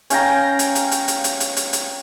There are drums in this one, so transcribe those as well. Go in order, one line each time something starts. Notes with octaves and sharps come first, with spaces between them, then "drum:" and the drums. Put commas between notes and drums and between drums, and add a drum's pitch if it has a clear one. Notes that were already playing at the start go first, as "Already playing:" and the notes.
C#4 F5 G5 A#5, drum: hi-hat
drum: hi-hat
drum: hi-hat
drum: hi-hat
drum: hi-hat
drum: hi-hat
drum: hi-hat
drum: hi-hat
drum: hi-hat